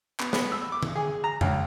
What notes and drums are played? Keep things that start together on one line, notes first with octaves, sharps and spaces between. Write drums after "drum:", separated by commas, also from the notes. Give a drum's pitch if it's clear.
B3, drum: clap
B3, drum: snare
E6
D6
drum: tom
G#4
A#5
C#2, drum: tom F2